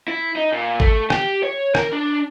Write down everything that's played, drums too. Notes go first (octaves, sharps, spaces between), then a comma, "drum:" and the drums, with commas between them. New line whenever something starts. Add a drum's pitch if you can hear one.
E4
D#4
A#2
A3, drum: kick
G4, drum: rim click
C#5
A#4, drum: rim click
D4